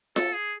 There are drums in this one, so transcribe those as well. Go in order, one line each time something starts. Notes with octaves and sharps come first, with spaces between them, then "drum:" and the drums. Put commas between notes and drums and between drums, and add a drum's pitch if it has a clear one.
A4, drum: snare F4
G#4